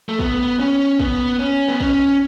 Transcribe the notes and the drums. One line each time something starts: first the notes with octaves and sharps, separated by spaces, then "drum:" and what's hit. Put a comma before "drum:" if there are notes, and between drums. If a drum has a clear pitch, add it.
A3
B3, drum: kick
C#4
B3, drum: kick
C#4
B3
C#4, drum: kick